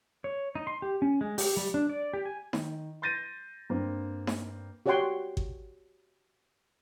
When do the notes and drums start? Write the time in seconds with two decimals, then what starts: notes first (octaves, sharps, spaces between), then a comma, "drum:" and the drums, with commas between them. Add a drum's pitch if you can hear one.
0.24 C#5
0.55 D#4
0.67 C6
0.82 G4
1.02 C#4
1.21 G#3
1.38 G4, drum: open hi-hat
1.57 G3
1.74 D4
1.89 D5
2.13 G4
2.26 G#5
2.53 D#3, drum: snare D#4
3.02 C6 G6 A6 A#6 D#7
3.70 G2 A#3 C4
4.27 drum: snare D#4
4.86 F#4 G4 C#5 F#5 G5 C6
5.37 drum: kick G#1